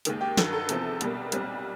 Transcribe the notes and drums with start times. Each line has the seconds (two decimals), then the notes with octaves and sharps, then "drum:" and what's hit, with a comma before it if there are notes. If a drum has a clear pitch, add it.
0.05 D#2 D#3 G#3, drum: hi-hat
0.21 G4
0.37 G2 D#3 F#3 A4, drum: snare
0.53 A4
0.69 E2 C3 F3, drum: hi-hat
1.01 C2 B2 G3 A#3, drum: hi-hat
1.32 B1 A#2 G3 C4, drum: hi-hat